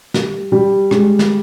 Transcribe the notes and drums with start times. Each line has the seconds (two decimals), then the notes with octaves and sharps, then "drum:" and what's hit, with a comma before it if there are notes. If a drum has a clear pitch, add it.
0.14 G3, drum: snare
0.52 G3
0.91 G#3, drum: rim click
1.19 drum: snare